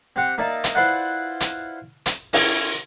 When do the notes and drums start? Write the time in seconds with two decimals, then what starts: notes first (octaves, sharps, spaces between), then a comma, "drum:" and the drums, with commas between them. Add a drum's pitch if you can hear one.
0.16 C4 G4 F#5
0.38 A#3 D#4 D5 E5 A5
0.64 drum: hi-hat
0.75 E4 F4 B4 C5 D5 F#5
1.40 drum: hi-hat
2.06 drum: hi-hat
2.33 C#4 E4, drum: open hi-hat